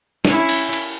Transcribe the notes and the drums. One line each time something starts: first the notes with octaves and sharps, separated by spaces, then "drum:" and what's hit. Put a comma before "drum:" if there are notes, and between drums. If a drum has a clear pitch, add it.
C#4 E4, drum: snare
drum: cymbal
drum: cymbal